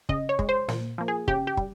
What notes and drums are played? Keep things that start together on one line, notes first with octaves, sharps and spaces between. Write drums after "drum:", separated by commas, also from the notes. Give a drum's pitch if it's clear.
C#3 D#5, drum: kick
C#5
G#3, drum: kick
C5
A#2, drum: snare
F3 A#3
G#4
C#3 G4, drum: kick
G4
G3, drum: kick